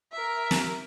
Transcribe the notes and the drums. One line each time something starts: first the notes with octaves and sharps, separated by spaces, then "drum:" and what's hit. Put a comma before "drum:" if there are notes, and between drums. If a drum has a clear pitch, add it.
A#4 E5
drum: snare